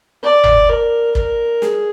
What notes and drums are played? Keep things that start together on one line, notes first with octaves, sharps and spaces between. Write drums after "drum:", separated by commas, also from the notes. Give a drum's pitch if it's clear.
D5
drum: tom G1
A#4
A#4, drum: kick
G#4, drum: snare